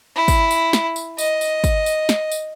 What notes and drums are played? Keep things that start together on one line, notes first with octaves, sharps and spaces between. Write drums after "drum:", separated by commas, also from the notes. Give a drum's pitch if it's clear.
E4
drum: kick, tambourine
drum: tambourine
drum: snare
drum: tambourine
D#5, drum: tambourine
drum: tambourine
drum: kick, tambourine
drum: tambourine
drum: snare
drum: tambourine